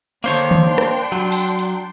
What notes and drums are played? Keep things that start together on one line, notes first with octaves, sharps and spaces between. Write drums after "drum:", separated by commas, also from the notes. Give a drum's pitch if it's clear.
D3 D#3 A#3 D4 C5 C#5
drum: tom D#3
D4 G5 C6
drum: rim click
F#3
drum: open hi-hat
drum: hi-hat